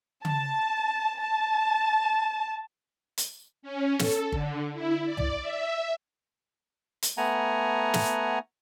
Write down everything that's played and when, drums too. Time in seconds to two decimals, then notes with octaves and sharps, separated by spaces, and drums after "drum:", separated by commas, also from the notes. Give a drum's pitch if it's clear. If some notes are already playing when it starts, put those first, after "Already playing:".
0.25 A5, drum: tom C#3
1.22 A5
3.18 drum: hi-hat
3.62 C#4
3.99 A4, drum: snare
4.32 D3, drum: kick G1
4.74 E4
5.05 D5
5.17 drum: tom
5.40 E5
7.02 drum: hi-hat
7.17 A3 B3 F#5 G#5 A#5
7.94 drum: snare